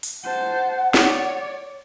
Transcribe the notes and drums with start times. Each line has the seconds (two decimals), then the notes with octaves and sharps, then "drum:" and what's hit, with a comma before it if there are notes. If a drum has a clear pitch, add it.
0.03 drum: open hi-hat
0.24 C5 F#5 A5
0.94 C#5 D5, drum: snare